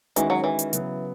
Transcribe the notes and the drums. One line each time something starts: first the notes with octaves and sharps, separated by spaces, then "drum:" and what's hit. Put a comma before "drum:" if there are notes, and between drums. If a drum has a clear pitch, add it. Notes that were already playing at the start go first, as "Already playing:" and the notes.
D#3 E3 G#3 C#4 F#4, drum: hi-hat
F#3
E3
drum: hi-hat
C#3 F#3 B3, drum: hi-hat